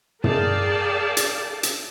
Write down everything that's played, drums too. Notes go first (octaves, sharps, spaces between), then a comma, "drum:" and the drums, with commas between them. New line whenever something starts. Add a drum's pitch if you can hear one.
G#4 A#4 D5 F5 G5 A5, drum: tom
drum: hi-hat
drum: hi-hat